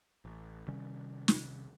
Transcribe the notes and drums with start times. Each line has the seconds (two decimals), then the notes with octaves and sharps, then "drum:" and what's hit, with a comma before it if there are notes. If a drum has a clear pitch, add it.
0.25 A1
0.68 C3 D#3 G3 C#4
1.28 drum: snare